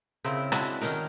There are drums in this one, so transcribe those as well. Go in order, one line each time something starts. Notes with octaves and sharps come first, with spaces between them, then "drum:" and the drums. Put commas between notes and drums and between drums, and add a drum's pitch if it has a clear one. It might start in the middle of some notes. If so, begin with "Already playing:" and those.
C#3 C4 E4 A#4
G#3 D4 E4 F#4, drum: rim click
D#3 C#4 D#4 A#4, drum: hi-hat